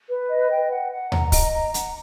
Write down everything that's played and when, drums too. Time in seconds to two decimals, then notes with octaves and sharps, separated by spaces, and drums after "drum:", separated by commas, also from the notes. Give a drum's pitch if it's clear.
0.08 B4
0.29 D#5
0.50 G5
0.71 F#5
0.92 F#5
1.12 A#5, drum: tom D#2
1.32 D#5, drum: kick, open hi-hat
1.53 A#5
1.74 F#5, drum: hi-hat